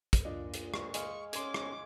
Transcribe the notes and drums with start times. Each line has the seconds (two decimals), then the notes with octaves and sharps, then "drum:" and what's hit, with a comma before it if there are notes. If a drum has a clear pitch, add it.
0.13 drum: kick, hi-hat
0.25 A#2 D4 F4 D#5
0.53 drum: hi-hat
0.74 drum: rim click
0.94 G#3 F5 C#6, drum: hi-hat
1.33 C#4 C6 D6 G#6, drum: hi-hat
1.54 drum: rim click